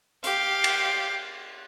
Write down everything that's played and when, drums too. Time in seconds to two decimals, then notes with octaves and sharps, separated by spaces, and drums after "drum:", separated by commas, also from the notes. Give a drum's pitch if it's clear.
0.24 G4 F5, drum: hi-hat
0.64 drum: cymbal